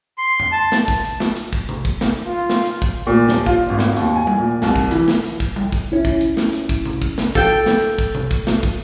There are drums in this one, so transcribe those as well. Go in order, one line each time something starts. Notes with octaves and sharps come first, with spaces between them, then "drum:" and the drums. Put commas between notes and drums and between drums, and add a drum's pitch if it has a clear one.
C6
drum: tom F2
A5
drum: snare
drum: kick
drum: hi-hat
drum: snare
drum: hi-hat
drum: kick
drum: tom C3
drum: kick
drum: snare
F4
drum: snare
drum: hi-hat
drum: kick
A#2
D#1, drum: snare
F4, drum: kick
G#1
drum: snare
D#2, drum: hi-hat
G#5
drum: tom G3
A#2
C2, drum: snare
drum: kick
E3, drum: hi-hat
drum: snare
drum: hi-hat
drum: kick
drum: tom G3
drum: kick
C#4 E4
drum: kick
drum: hi-hat
drum: snare
drum: hi-hat
drum: kick
drum: tom C3
drum: kick
drum: snare
A4 G5, drum: kick
drum: snare
drum: hi-hat
drum: kick
drum: tom B2
drum: kick
drum: snare
drum: kick